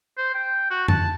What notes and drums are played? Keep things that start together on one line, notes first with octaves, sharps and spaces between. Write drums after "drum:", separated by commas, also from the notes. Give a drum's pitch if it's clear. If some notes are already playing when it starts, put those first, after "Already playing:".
C5
G5
F#4
A5, drum: tom F2